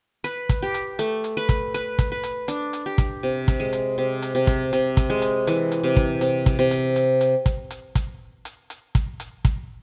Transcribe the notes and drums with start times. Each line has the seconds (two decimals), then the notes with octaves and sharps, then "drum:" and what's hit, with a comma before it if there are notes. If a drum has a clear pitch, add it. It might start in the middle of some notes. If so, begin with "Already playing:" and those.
0.24 B4, drum: hi-hat
0.49 drum: kick, hi-hat
0.62 G4
0.74 drum: hi-hat
0.99 A3, drum: hi-hat
1.24 drum: hi-hat
1.37 B4
1.49 drum: kick, hi-hat
1.74 B4, drum: hi-hat
1.99 drum: kick, hi-hat
2.12 B4
2.23 drum: hi-hat
2.48 D4, drum: hi-hat
2.73 drum: hi-hat
2.86 G4
2.98 drum: kick, hi-hat
3.23 C3
3.48 drum: kick, hi-hat
3.60 G#3
3.73 drum: hi-hat
3.98 C3
4.22 drum: hi-hat
4.35 C3
4.47 drum: kick, hi-hat
4.73 C3, drum: hi-hat
4.97 drum: kick, hi-hat
5.10 G#3
5.22 drum: hi-hat
5.47 E3, drum: hi-hat
5.72 drum: hi-hat
5.83 C3
5.96 drum: kick
6.21 C3, drum: hi-hat
6.46 drum: kick, hi-hat
6.59 C3
6.71 drum: hi-hat
6.96 drum: hi-hat
7.21 drum: hi-hat
7.46 drum: kick, hi-hat
7.71 drum: hi-hat
7.95 drum: kick, hi-hat
8.45 drum: hi-hat
8.70 drum: hi-hat
8.95 drum: kick, hi-hat
9.20 drum: hi-hat
9.45 drum: kick, hi-hat